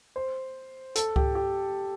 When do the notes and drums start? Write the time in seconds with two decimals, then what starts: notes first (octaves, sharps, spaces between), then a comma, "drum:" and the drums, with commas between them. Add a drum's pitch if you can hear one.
0.16 C5
0.95 A4, drum: hi-hat
1.16 G4, drum: kick C#2
1.35 G4